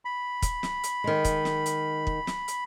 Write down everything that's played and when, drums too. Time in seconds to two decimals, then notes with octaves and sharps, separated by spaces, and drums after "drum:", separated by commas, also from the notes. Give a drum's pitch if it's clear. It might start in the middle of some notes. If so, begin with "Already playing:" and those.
0.05 B5
0.42 drum: kick, hi-hat
0.63 drum: snare
0.83 drum: hi-hat
1.04 D#3 G#3
1.25 drum: kick, hi-hat
1.45 drum: snare
1.66 drum: hi-hat
2.07 drum: kick
2.27 drum: snare
2.48 drum: hi-hat